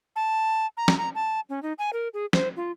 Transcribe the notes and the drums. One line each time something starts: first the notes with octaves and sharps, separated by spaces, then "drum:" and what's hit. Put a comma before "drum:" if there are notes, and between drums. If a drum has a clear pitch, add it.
A5
A#5
drum: snare
A#5
A5
C#4
D#4
G#5
A#4
G#4
C5, drum: snare
F4